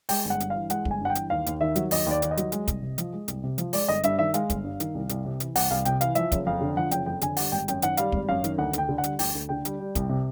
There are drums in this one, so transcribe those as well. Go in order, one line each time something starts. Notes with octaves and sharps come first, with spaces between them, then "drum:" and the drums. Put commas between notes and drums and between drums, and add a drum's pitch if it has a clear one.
G#3 G5, drum: open hi-hat
G1
F#5
G2, drum: hi-hat
E3 F5
G#3 F#5, drum: hi-hat
G1, drum: kick
G#5
G2 F#5
G5
E3, drum: hi-hat
D#2 F5
D#2, drum: hi-hat
D#3 E5
F#3, drum: hi-hat
D#2 D#5, drum: open hi-hat
D#2 D5
D#3, drum: hi-hat
D#5
F#3, drum: hi-hat
G#3, drum: hi-hat
C2, drum: kick, hi-hat
C3
F3, drum: hi-hat
G#3
C2, drum: hi-hat
C3
F3, drum: hi-hat
G#3 D5, drum: open hi-hat
G1 D#5
G2 E5, drum: hi-hat
D#3 E5
G#3 F5, drum: hi-hat
G1, drum: kick, hi-hat
G2
D#3, drum: hi-hat
C2
C2, drum: hi-hat
C3
E3, drum: hi-hat
C2 F#5, drum: open hi-hat
C2 F5
C3 G5, drum: hi-hat
E3 F5, drum: hi-hat
F3 E5, drum: hi-hat
F#1, drum: kick, hi-hat
F2 F5
D3
F3 F#5
F#1 G5, drum: hi-hat
F2 G5
D3 G#5, drum: hi-hat
G3 F#5, drum: open hi-hat
G#1 G5
F#2 G5, drum: hi-hat
D#3 F#5, drum: hi-hat
G3 F5, drum: hi-hat
G#1, drum: kick
F#2 F5
D#3, drum: hi-hat
D2 F#5
D2 G5, drum: hi-hat
D3
F#5
G3, drum: hi-hat
D2 G5, drum: open hi-hat
D2
D3 G5
G3, drum: hi-hat
G3
C2, drum: kick, hi-hat
C3